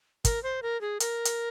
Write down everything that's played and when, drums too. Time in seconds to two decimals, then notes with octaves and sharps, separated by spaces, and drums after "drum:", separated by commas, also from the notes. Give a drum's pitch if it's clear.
0.25 A#4, drum: kick, hi-hat
0.43 C5
0.63 A#4
0.81 G#4
1.00 A#4, drum: hi-hat
1.25 drum: hi-hat